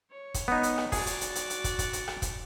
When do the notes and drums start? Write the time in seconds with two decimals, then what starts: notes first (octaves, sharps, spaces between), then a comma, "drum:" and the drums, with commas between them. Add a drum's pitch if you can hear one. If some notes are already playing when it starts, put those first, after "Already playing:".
0.11 C#5
0.34 drum: kick, hi-hat
0.48 B3 D#4
0.63 drum: hi-hat
0.78 drum: rim click
0.92 F#4 G#4 D5, drum: kick, open hi-hat
1.07 drum: hi-hat
1.21 drum: hi-hat
1.35 drum: hi-hat
1.50 drum: hi-hat
1.64 drum: kick, hi-hat
1.79 drum: kick, hi-hat
1.93 drum: hi-hat
2.08 drum: rim click
2.22 drum: kick, hi-hat